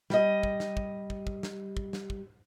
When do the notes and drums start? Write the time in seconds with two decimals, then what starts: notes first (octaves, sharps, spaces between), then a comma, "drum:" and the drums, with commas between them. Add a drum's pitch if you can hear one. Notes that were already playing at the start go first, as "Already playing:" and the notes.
0.10 G3 D#5, drum: snare
0.43 drum: kick
0.60 drum: snare
0.77 drum: kick
1.10 drum: kick
1.27 drum: kick
1.43 drum: snare
1.77 drum: kick
1.93 drum: snare
2.10 drum: kick